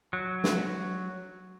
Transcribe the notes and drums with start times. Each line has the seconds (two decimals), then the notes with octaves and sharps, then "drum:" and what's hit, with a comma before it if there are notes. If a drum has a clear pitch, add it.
0.13 F#3
0.44 drum: snare